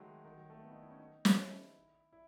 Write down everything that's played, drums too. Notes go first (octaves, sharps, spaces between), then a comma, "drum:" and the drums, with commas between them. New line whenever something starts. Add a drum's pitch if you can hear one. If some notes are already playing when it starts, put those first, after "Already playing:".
Already playing: D#3 F#3 G#3 A3
D#3
F#3
A3
B3
D#4
E4
C#4
D#4
drum: snare
E4
E4